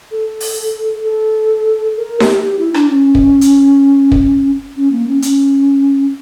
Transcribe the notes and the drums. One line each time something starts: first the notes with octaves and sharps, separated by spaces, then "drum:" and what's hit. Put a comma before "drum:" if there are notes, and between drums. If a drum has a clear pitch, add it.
A4
drum: open hi-hat
A4
A#4
G4, drum: snare D#4
G4
E4
D4, drum: rim click
C#4
drum: kick
drum: hi-hat
drum: kick
C#4
A#3
C#4
C#4, drum: hi-hat